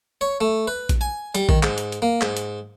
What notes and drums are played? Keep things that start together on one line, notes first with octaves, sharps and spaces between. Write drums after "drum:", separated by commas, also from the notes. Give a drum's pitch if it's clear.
C#5
A3
B4
drum: kick A#1, hi-hat
G#5
G3, drum: hi-hat
D#3, drum: kick A#1
G#2, drum: clap
drum: hi-hat
drum: hi-hat
A#3
G#2, drum: clap
drum: hi-hat